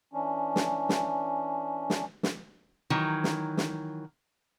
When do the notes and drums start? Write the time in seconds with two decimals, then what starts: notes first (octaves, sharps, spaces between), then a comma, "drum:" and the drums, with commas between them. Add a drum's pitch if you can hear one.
0.13 E3 C#4 D4
0.56 drum: snare
0.89 drum: snare
1.90 drum: snare
2.23 drum: snare
2.90 D#3 E3 F#3
3.24 drum: snare
3.57 drum: snare